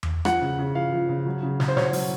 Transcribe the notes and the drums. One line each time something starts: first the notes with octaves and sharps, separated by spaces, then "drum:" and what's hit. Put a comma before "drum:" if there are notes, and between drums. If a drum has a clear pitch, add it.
drum: tom E2
F3 F#5, drum: rim click
C#3
C#3
F3 F5
F3
C#3
F#3
C#3
C#3, drum: snare
C5
F#3 C#5, drum: snare
F#3, drum: open hi-hat